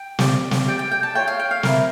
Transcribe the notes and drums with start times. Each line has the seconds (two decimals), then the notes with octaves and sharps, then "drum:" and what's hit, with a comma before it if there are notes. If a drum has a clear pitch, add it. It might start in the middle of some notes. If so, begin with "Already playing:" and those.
Already playing: G5
0.19 G4 D5, drum: snare
0.51 drum: snare
0.67 G4 D5 G5
0.79 G5
0.91 G5
1.03 A5
1.15 F4 C#5 G5
1.28 F5
1.40 G5
1.51 F5
1.63 E4 G4 A#4 D5, drum: snare